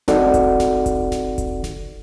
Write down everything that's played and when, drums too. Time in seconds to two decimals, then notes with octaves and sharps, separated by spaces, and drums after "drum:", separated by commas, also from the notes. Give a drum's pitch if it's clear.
0.08 C4 D#4 F#4 A4 D5 F#5, drum: snare F#1
0.34 drum: kick E1, hi-hat
0.60 drum: snare F#1
0.86 drum: kick E1, hi-hat
1.12 drum: snare F#1
1.38 drum: kick E1, hi-hat
1.64 drum: snare F#1